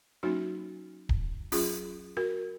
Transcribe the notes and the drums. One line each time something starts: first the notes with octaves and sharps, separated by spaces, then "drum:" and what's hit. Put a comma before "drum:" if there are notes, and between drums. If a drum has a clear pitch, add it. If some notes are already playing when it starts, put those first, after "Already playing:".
F#3 A#3 C#4 D#4 F#4
drum: kick D1
F#3 C#4 F4 G#4, drum: open hi-hat
F#4 A#4